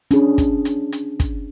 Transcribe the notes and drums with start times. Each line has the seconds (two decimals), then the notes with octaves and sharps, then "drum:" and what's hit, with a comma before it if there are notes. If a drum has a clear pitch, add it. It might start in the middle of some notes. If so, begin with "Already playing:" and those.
0.11 C#4 D4 G#4, drum: hi-hat
0.38 drum: kick, hi-hat
0.65 drum: hi-hat
0.92 drum: hi-hat
1.20 drum: kick, hi-hat